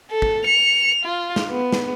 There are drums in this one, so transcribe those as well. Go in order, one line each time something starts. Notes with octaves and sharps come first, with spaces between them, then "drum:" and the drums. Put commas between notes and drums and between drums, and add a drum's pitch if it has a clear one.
A4
drum: kick
C#7 F7
F4
drum: snare
B3
drum: snare